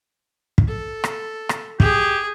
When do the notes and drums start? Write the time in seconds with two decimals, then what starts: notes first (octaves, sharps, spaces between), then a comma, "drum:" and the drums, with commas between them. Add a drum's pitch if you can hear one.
0.58 drum: kick
0.68 A4
1.04 drum: rim click
1.49 drum: rim click
1.80 G4 G#4, drum: kick